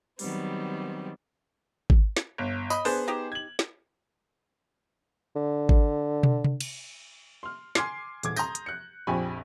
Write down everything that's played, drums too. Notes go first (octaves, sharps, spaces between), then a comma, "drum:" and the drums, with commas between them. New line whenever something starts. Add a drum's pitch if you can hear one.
D#3 F#3 G3 B3 C4, drum: open hi-hat
drum: kick G#1
drum: snare
G1
D#5 B5, drum: tambourine
B3 D4 G#4 C5, drum: open hi-hat
D#4 G4
G#6 F#7
drum: snare
D3
drum: kick G#1
drum: tom
drum: tom C3
drum: cymbal
C6 F6
G#5 C6 D6 F6 G#6 C7, drum: snare
D#1 E2 D6 G#6, drum: hi-hat
A#5 C6 D#6 G6 A#6, drum: tambourine
drum: hi-hat
F#6 C#7
A#1 F2 G4 G#5 B5 C#6